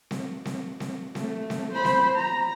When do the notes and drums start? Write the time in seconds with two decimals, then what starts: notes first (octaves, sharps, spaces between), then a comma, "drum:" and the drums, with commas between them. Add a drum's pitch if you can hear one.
0.11 drum: snare C4
0.45 drum: snare C4
0.80 drum: snare C4
1.15 A3, drum: snare C4
1.50 drum: snare C4
1.71 C5 B5
1.85 drum: snare C4
2.16 A#5